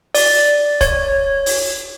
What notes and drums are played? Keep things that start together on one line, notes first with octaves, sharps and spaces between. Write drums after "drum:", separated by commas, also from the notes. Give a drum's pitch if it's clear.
D5, drum: open hi-hat
C#5, drum: kick, hi-hat
drum: open hi-hat